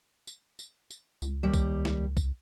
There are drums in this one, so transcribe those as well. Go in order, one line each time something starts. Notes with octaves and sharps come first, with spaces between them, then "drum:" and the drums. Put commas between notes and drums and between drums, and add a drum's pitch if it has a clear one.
drum: tambourine
drum: tambourine
drum: tambourine
C#2, drum: tambourine
D#2 G3
drum: kick B1, tambourine
drum: snare
drum: kick B1, tambourine